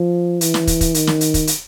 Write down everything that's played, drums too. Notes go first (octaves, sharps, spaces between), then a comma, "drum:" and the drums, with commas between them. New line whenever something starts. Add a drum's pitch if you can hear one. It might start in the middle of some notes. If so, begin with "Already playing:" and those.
Already playing: F3
E3, drum: hi-hat
drum: snare
drum: kick, hi-hat
drum: kick, hi-hat
D#3, drum: hi-hat
drum: snare
drum: hi-hat
drum: kick, hi-hat
drum: hi-hat